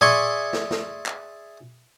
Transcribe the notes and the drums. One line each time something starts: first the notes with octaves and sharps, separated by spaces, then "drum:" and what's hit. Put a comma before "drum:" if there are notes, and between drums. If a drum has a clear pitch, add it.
G#4 D5 E5 G#5 C6 C#6, drum: tom A#2
drum: snare
drum: snare
drum: clap